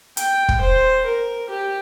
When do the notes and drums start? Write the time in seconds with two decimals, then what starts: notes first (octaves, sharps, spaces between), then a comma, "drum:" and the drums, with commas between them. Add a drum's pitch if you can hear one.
0.17 G5, drum: hi-hat
0.49 drum: kick
0.61 C5
1.05 A#4
1.49 G4